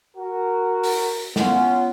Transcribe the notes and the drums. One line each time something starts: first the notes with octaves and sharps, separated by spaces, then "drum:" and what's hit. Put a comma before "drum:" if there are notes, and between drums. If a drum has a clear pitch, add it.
F#4 A#4
drum: open hi-hat
B3 C#4 F4, drum: snare